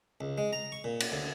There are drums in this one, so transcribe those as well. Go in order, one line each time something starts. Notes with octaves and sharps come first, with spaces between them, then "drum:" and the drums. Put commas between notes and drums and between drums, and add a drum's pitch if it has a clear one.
C#2
G#3
A#5
C#6
A#2
drum: cymbal
D2